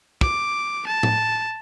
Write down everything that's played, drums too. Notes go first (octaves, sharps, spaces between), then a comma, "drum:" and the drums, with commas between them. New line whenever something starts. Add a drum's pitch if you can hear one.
D6, drum: kick
A5
drum: tom A2